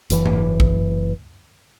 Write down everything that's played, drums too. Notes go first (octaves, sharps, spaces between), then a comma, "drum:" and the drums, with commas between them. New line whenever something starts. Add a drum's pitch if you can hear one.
F#1 E3, drum: hi-hat
drum: tom G#2
drum: kick